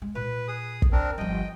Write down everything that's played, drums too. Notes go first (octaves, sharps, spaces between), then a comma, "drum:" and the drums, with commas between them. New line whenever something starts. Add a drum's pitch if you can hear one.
G#3
A#2 B4
G#4 D#6
drum: kick
C4 D4 A#4
G1 F3 D#5 G5